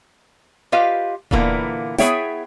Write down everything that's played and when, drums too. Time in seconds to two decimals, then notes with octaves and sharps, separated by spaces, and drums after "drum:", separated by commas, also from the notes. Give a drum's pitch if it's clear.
0.72 F4 G4 B4 D#5 F5
1.31 A#2 D3 E3 A#3 B3, drum: kick D#1
1.98 B3 E4 G#4 C#5 E5 G5, drum: snare